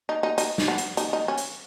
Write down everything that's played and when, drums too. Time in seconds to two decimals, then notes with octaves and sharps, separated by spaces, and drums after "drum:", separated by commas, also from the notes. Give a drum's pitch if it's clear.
0.09 D#4
0.23 D#4
0.38 D#4, drum: hi-hat
0.58 drum: snare
0.68 B3
0.78 drum: hi-hat
0.97 D#4, drum: hi-hat
1.13 D#4
1.28 C#4
1.38 drum: hi-hat